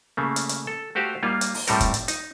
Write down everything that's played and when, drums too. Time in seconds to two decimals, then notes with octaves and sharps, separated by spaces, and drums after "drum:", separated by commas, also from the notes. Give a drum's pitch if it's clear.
0.17 C#3 A3 A#3
0.36 drum: hi-hat
0.49 drum: hi-hat
0.67 A4
0.95 A3 F#4 G4 C5 F5
1.23 G3 A#3 D#4 F4
1.41 drum: hi-hat
1.54 drum: open hi-hat
1.67 A2 G3 A3 C4 A4 A#4, drum: hi-hat
1.81 drum: kick, hi-hat
1.94 drum: hi-hat
2.08 D#4, drum: hi-hat